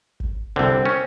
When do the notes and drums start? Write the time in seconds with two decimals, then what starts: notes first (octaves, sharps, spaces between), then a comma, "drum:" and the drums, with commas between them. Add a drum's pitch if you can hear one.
0.20 drum: kick
0.56 C2 D3 C4
0.86 C#4